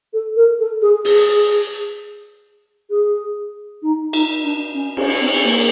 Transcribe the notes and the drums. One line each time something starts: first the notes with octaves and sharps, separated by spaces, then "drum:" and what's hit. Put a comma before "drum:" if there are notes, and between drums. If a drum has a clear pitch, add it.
A4
A#4
A4
G#4
G#4, drum: open hi-hat
G#4
D#4
D#4, drum: cymbal
D4
C#4
C#4, drum: cymbal
C4
A#3